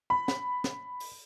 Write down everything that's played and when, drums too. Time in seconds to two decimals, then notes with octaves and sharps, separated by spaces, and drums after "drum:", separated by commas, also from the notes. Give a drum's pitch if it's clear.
0.10 B5
0.28 drum: snare
0.64 drum: snare
1.00 drum: open hi-hat